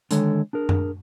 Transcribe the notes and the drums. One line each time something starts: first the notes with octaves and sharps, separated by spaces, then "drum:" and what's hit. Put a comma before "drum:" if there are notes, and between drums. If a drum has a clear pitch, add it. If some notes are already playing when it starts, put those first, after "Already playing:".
D3 D#3 G#3 A4 C#5, drum: hi-hat
D4 G#4 A#4
drum: tom F#2